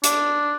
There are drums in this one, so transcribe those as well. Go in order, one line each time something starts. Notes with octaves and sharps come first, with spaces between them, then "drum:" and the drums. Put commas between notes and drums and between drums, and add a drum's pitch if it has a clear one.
D4, drum: hi-hat